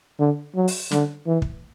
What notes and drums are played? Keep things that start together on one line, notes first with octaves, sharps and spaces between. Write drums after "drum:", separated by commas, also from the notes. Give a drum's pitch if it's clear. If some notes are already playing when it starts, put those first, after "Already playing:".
D3
F#3
drum: open hi-hat
D3, drum: snare
E3
drum: kick